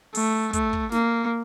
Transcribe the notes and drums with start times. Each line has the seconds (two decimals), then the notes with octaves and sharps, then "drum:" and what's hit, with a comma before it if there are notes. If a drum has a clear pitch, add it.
0.15 A3, drum: open hi-hat
0.53 A3, drum: kick, hi-hat
0.73 drum: kick
0.92 A#3, drum: snare